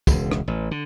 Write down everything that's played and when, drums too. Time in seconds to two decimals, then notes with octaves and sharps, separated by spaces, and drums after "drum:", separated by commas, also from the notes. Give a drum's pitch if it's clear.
0.07 E1 C#2, drum: kick, tambourine
0.31 drum: rim click
0.48 A1
0.71 D3